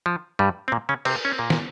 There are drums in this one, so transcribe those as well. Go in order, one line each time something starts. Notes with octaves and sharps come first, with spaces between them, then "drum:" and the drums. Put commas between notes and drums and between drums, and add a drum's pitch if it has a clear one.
F3
G2 G3
C4
A#2 A#3
C#3 C#4
C3 C4, drum: cymbal
C#4
C4
A#2 A#3
drum: snare